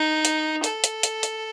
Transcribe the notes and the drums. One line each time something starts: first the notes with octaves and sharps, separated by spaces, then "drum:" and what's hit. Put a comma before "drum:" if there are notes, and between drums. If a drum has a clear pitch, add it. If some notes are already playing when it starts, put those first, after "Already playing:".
Already playing: D#4
drum: hi-hat
A4, drum: hi-hat
drum: hi-hat
drum: hi-hat
drum: hi-hat